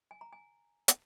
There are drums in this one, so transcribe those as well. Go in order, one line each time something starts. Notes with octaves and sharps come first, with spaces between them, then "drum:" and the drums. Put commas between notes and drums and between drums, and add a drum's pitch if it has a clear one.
G#5
A#5
G#5
drum: hi-hat